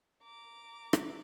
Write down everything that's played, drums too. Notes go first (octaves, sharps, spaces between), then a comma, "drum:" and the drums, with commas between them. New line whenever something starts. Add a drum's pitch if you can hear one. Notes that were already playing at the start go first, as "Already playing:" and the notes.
A#5 D6
drum: rim click